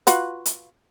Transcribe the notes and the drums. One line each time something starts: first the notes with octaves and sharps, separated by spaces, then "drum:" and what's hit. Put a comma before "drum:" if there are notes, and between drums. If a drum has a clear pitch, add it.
F4 F#4 B4, drum: hi-hat
drum: hi-hat